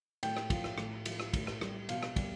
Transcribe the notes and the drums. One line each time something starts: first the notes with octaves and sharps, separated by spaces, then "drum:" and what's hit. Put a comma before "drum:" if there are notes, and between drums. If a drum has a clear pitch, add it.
A2 G5, drum: cymbal
drum: rim click
F3, drum: kick, cymbal
drum: rim click
A2, drum: rim click
F3, drum: cymbal
drum: rim click
A2, drum: kick, cymbal
drum: rim click
G3, drum: rim click
B2 F5, drum: cymbal
drum: rim click
G3, drum: kick, cymbal